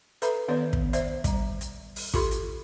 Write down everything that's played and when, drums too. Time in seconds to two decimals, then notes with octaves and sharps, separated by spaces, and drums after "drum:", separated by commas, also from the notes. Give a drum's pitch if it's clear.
0.22 A4 B4 E5 A#5 B5, drum: hi-hat
0.48 D#3 B3 B4 C#5 D5
0.73 drum: kick
0.93 C5 D5 E5, drum: hi-hat
1.24 G3 A#5, drum: kick, hi-hat
1.61 drum: hi-hat
1.96 drum: open hi-hat
2.14 F4 G4 A4 B5 C6, drum: kick
2.31 drum: hi-hat